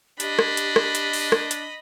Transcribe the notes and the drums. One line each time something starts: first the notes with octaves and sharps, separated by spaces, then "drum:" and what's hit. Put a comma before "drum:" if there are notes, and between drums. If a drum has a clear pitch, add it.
D4 G4 D#5 B5, drum: hi-hat
drum: rim click
drum: hi-hat
drum: rim click
drum: hi-hat
drum: open hi-hat
drum: rim click
drum: hi-hat